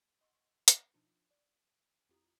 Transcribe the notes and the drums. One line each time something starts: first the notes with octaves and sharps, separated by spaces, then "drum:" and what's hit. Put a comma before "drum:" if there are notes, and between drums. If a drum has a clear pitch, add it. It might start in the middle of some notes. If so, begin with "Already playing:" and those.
D#5 F#5 C6 C#6 E6
drum: hi-hat
B2 F3 D4 D#4 F4 C#7
D5
F2 E4 F4 G4 A#5 D#6